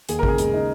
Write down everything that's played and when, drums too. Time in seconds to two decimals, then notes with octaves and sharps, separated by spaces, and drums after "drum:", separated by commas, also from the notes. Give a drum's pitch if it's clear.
0.09 D#2 G#4, drum: hi-hat
0.19 A#4
0.23 C#3 G#4, drum: kick G#1
0.38 G#3, drum: hi-hat
0.53 D#4